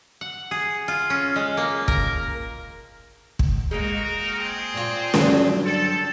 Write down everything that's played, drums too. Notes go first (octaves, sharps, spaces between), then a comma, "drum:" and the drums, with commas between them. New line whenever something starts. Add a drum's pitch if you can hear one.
F#5
G#4
F4
C#4
G#3
A#3
A#4, drum: kick
drum: kick
G#3 A#3 D#4 F#4 A#4
C4 G#4
A#2 F4
G2 D3 F#3, drum: snare
C4 A4